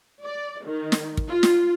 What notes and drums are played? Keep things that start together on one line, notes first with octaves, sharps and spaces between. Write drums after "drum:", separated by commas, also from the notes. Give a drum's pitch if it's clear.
D5
D#3
drum: snare
drum: kick
F4
drum: snare